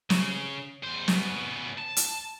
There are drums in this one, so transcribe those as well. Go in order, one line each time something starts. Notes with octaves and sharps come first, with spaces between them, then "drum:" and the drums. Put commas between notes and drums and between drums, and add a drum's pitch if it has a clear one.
C#3, drum: snare
E2 C5
C#3 B3, drum: snare
A5
drum: hi-hat